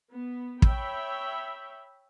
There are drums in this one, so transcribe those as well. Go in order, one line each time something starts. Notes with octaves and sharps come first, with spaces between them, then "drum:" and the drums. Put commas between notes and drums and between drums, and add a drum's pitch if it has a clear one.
B3
C#5 E5 G5 B5, drum: kick